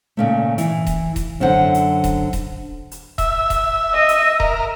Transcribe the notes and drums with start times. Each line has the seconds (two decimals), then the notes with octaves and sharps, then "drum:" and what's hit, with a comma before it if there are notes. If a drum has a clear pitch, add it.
0.17 A#2 C#3 A3
0.58 E3, drum: hi-hat
0.87 drum: kick D#1, hi-hat
1.16 drum: kick D#1, hi-hat
1.40 F#2 D3 C5 F#5
1.74 drum: hi-hat
2.04 drum: kick D#1, hi-hat
2.33 drum: kick D#1, hi-hat
2.91 drum: hi-hat
3.18 E5, drum: kick D#1, hi-hat
3.50 drum: kick D#1, hi-hat
3.94 D#5
4.09 drum: hi-hat
4.40 A#4 E5, drum: kick D#1